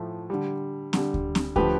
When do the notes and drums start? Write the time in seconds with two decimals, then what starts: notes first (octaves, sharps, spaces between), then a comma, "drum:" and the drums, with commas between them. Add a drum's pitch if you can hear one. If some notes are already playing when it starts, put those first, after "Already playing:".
Already playing: A2 F3 A3
0.30 D3 G3
0.93 D3 G3, drum: snare C4
1.14 drum: kick D2
1.35 drum: snare C4
1.56 D3 F3 A3 G4 B4, drum: kick D2